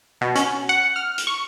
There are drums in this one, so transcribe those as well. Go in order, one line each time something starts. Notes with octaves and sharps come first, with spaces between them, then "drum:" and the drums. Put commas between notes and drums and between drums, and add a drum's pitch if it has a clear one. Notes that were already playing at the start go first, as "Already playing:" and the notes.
B2
C#4, drum: hi-hat
F#5
F6
drum: hi-hat
C#6